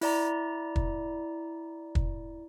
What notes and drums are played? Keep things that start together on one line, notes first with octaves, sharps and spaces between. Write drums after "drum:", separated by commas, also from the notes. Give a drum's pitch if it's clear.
E4 D5 A#5, drum: open hi-hat
drum: kick
drum: kick